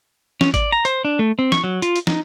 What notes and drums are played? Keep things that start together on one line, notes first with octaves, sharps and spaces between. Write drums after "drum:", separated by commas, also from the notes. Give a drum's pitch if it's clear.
C#4, drum: snare
D5, drum: kick G#1, hi-hat
A#5
C5, drum: hi-hat
D4
A3
C4
C#6, drum: snare
F#3
F4, drum: hi-hat
drum: hi-hat
D#4, drum: snare